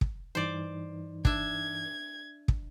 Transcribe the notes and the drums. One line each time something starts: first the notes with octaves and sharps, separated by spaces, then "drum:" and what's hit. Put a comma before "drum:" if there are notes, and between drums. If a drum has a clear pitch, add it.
drum: kick
G2 E3 D#4 C5 D5
D4 E5 G#6, drum: kick
drum: kick